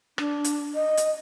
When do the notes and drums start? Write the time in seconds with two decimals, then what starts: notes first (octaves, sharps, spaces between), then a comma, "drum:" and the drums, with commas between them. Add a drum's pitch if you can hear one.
0.18 D4, drum: rim click
0.44 drum: hi-hat
0.75 D#5
0.97 drum: hi-hat